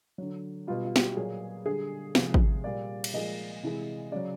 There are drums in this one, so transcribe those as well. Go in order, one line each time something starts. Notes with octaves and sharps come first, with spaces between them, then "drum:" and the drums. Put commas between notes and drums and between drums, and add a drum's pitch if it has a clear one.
D3 F#3
B2 G3 F4
F4
G4, drum: snare
F#4
A#2 F#3 G#4
D3 G3 G#4
C3 F3 G#3, drum: snare
drum: kick G#1
A#2 G3 D5
drum: cymbal
A#2 F3 G#3 D#5
C3 E3 G#3
C#3 F#3 D5